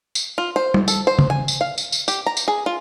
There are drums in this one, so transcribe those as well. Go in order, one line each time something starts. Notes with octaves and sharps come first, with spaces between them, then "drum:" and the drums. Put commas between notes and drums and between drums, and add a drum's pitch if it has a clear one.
drum: tambourine
F4
C5
drum: tom
A4, drum: tambourine
C5
drum: tom
G#5
drum: tambourine
F5
drum: tambourine
drum: tambourine
G4, drum: tambourine
A#5
drum: tambourine
G#4
F4